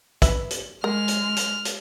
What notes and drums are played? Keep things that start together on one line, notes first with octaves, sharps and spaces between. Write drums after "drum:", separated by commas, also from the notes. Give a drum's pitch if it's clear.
B4 E5, drum: kick, hi-hat
drum: hi-hat
G#3 A#4 F6
drum: hi-hat
drum: hi-hat
drum: hi-hat